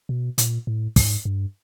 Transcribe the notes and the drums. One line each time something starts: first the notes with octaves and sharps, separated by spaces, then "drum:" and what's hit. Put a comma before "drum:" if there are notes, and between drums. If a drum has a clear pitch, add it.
B2
A#2, drum: hi-hat
A2
G#2, drum: kick, open hi-hat
G2